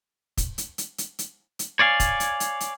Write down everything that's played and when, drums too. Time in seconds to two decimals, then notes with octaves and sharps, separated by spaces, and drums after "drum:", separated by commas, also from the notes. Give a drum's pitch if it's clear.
0.38 drum: kick, hi-hat
0.58 drum: hi-hat
0.78 drum: hi-hat
0.98 drum: hi-hat
1.19 drum: hi-hat
1.59 drum: hi-hat
1.79 C#5 D5 F5 G#5
2.00 drum: kick, hi-hat
2.20 drum: hi-hat
2.40 drum: hi-hat
2.60 drum: hi-hat